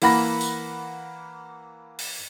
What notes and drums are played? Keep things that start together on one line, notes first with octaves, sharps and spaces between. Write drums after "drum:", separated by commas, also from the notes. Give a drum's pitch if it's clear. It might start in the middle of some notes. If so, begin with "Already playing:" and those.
E3 A#3 F#5 B5 A#6, drum: open hi-hat
drum: tambourine
drum: open hi-hat